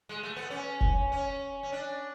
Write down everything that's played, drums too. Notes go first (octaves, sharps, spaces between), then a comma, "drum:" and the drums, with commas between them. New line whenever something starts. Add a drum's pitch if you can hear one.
G#3
A3
B3
C#4
drum: kick F1
C#4
C#4
D4